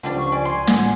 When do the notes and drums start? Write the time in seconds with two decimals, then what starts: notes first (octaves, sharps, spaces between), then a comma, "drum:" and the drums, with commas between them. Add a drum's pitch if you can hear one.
0.03 C#2 D3 F3 G3 D4
0.18 C#6
0.32 G3 D5 G#5
0.45 G#5 C6
0.67 A1 A#2 C#5 F#5, drum: snare